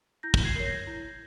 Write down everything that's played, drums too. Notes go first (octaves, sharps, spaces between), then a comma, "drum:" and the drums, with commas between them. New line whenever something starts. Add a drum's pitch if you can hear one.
E4 G6 A#6
drum: kick
G#6 C7
A#4 C#5 C7
G6 A#6
E4